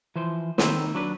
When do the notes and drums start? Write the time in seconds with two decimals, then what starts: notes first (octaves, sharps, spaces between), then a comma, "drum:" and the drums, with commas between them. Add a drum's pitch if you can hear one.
0.16 E3 F3 C5
0.58 D#3 A#3 C4 A4 B4 C5, drum: snare
0.95 F#3 D4 B4